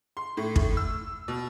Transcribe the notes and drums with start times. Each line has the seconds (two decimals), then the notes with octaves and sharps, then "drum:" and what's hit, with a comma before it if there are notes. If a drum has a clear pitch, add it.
0.17 C6
0.37 A2
0.56 A2, drum: kick
0.77 E6
1.28 B2